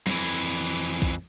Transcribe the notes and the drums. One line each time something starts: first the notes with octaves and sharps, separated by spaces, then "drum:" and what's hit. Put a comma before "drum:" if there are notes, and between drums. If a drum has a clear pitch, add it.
F2 E3, drum: tom F#3
drum: kick B1